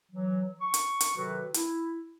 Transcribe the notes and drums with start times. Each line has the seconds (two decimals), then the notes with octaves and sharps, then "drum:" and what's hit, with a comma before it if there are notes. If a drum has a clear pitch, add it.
0.12 E3 F#3
0.61 C#6
0.74 drum: hi-hat
1.01 drum: hi-hat
1.16 C3 D#3 F#3 F#4 A4 B4
1.54 E4, drum: hi-hat